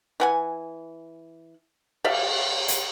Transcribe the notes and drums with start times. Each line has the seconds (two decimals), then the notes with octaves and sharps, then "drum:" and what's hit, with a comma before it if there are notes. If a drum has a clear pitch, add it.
0.20 E3 F#5 G#5
2.04 D5 E5 F5, drum: cymbal
2.68 drum: hi-hat